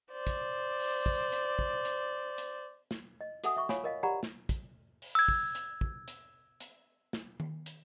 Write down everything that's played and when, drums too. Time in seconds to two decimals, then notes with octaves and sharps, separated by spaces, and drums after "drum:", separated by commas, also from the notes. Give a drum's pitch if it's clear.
0.11 C5 D5
0.27 drum: kick, hi-hat
0.79 drum: open hi-hat
1.06 drum: kick
1.32 drum: hi-hat
1.59 drum: kick
1.85 drum: hi-hat
2.38 drum: hi-hat
2.91 drum: snare
3.21 D#5
3.44 F#4 A4 E5 F#5 G#5 D#6, drum: hi-hat
3.57 E5 C#6
3.69 F4 C#5 F5 G#5 B5, drum: snare
3.84 A#4 D#5 F5
4.03 G4 D5 F#5 A#5 B5
4.23 drum: snare
4.49 drum: kick, hi-hat
5.02 drum: open hi-hat
5.15 E6 G#6
5.28 drum: kick
5.55 drum: hi-hat
5.81 drum: kick
6.08 drum: hi-hat
6.60 drum: hi-hat
7.13 drum: snare
7.40 drum: tom D#3
7.66 drum: hi-hat